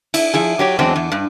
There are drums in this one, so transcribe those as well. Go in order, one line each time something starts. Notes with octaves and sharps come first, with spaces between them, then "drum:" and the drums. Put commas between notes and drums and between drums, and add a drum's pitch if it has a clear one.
E4, drum: cymbal
F3 E4 G#4
F#3 G4 C#5
E2 F#3 G#3 C4 D4
E2
G2